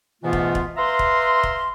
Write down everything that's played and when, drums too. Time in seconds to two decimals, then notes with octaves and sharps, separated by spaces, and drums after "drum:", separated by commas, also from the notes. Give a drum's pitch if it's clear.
0.22 G#2 B2 E3 A3 B3 F4
0.33 drum: kick
0.55 drum: kick
0.77 B4 E5 F5 A#5 C6
0.99 drum: kick
1.43 drum: kick